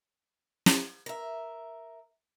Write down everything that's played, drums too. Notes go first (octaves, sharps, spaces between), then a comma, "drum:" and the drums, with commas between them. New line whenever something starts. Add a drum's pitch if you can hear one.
drum: snare
A#4 E5